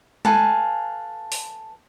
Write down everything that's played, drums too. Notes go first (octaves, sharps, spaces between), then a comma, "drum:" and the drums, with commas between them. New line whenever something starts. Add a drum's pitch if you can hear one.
A4 B4 F5 G#5, drum: tom
drum: open hi-hat